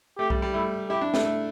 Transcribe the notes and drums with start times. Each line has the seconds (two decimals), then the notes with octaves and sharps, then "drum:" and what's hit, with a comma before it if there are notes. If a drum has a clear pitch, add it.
0.18 A3 G4
0.30 G3, drum: kick B1
0.42 G3
0.54 A3 E4
0.90 E4 G4
1.01 D4
1.14 A3, drum: snare
1.25 A3